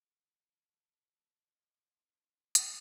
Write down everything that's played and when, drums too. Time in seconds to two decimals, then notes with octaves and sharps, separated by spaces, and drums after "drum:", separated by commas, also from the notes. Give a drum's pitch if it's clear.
0.18 F3
0.49 F3 D4 E4 A4
1.43 E2 F3 C5 D#5
1.85 A#3 D#4 D#5
2.55 drum: hi-hat